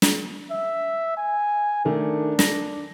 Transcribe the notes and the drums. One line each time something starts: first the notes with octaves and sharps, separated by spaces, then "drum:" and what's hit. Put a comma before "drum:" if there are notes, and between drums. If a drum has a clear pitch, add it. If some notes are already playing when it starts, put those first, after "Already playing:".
drum: snare
E5
G#5
D#3 A3 D4
A#6, drum: snare